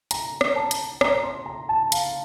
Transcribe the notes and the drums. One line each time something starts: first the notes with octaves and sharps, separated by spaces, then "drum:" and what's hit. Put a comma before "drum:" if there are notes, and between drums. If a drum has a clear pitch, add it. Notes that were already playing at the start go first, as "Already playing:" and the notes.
A#5, drum: hi-hat
drum: rim click
A5
drum: hi-hat
A#5, drum: rim click
C6
A#5
A5
F5, drum: hi-hat